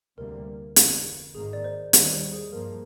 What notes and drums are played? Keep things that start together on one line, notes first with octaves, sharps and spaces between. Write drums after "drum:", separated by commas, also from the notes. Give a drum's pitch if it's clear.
D2 C3 G3 A#3 A#4
F1 F2 D3, drum: hi-hat
G#1 G#2 D#3 A#3 G#4
D5
C5
D#2 D#3 G3 C5, drum: hi-hat
C5
G#4
G2 F3 A#3 A#4